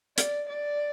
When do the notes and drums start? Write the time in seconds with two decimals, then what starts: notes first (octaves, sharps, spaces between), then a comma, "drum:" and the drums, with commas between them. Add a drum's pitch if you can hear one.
0.18 D5, drum: hi-hat
0.49 D5